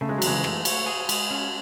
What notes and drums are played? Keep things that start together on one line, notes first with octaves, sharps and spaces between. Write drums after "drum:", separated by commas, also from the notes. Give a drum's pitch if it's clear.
C#3 A3
G#3
F#3
E3 G#3, drum: cymbal
A3, drum: rim click
C#5, drum: cymbal
G#4
G#3, drum: cymbal
C#4